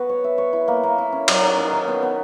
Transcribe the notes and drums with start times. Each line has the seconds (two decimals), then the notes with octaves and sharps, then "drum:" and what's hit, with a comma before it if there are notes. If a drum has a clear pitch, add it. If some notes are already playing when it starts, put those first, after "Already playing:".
Already playing: B3 F#4 B4
0.09 C#5
0.24 E5
0.38 C#5
0.53 E4
0.68 A#3
0.83 A#3
0.98 E4
1.12 C#4
1.28 F#3, drum: cymbal
1.43 D#4
1.58 D#4
1.73 D#3
1.88 B3
2.03 B3